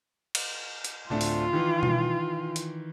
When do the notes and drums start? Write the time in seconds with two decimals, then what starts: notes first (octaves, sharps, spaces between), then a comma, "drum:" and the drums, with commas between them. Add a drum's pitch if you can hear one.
0.35 drum: cymbal
0.84 drum: hi-hat
1.10 D1 A3 D4 F4
1.21 drum: open hi-hat
1.53 D#3 E3
1.83 drum: tom B2
2.56 drum: hi-hat